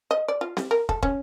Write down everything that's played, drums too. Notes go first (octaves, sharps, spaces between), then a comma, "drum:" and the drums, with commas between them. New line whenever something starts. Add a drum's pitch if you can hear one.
D#5
D5
F4
G3, drum: snare C4
A#4
A4, drum: kick
C#4, drum: kick